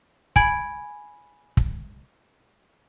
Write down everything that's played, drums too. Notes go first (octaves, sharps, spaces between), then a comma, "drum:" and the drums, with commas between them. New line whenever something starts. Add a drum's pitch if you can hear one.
G#5 B5 G#6 D7, drum: kick
drum: kick